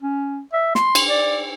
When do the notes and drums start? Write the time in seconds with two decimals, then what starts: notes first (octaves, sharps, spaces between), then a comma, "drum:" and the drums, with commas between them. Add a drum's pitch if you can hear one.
0.03 C#4
0.53 E5
0.75 C6, drum: snare
0.95 drum: cymbal
1.10 D5